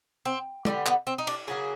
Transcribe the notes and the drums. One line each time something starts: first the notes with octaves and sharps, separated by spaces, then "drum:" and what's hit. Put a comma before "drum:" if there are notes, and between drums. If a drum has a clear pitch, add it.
C4
D3 G3 B3 D4, drum: tom
B3, drum: clap
C4
D#4
D4, drum: cymbal
C#3 F#3 A#3 G#4